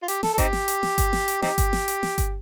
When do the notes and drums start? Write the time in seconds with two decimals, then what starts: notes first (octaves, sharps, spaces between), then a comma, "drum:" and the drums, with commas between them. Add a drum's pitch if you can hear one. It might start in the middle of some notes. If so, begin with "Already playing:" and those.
0.02 F4
0.08 G4, drum: hi-hat
0.23 A4, drum: snare
0.33 A4
0.38 C4 D#4 G4, drum: kick G1, hi-hat
0.53 drum: snare
0.68 drum: hi-hat
0.83 drum: snare
0.98 drum: kick G1, hi-hat
1.13 drum: snare
1.28 drum: hi-hat
1.42 C4 D#4 G4, drum: snare
1.58 drum: kick G1, hi-hat
1.73 drum: snare
1.88 drum: hi-hat
2.03 drum: snare
2.18 drum: kick G1, hi-hat